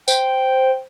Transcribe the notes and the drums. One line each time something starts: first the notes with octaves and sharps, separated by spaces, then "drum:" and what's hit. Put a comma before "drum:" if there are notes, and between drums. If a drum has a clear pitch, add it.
C5 G5, drum: tambourine